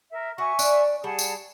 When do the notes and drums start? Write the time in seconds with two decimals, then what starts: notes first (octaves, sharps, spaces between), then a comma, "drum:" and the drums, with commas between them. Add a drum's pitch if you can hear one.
0.12 A#4 E5
0.38 F#4 E5 G#5 C#6
0.59 D4 D5, drum: tambourine
1.04 G3 G#4 F#5 A5
1.19 drum: tambourine